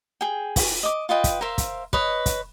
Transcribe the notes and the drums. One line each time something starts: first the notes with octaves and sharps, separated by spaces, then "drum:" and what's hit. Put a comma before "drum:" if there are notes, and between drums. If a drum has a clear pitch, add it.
G#4 G5
drum: kick, open hi-hat
D#5 D6
F4 B4 D#5 G5
drum: kick, hi-hat
A#4 C5 E5 F5
drum: kick, hi-hat
B4 C#5 D#5, drum: kick
drum: kick, hi-hat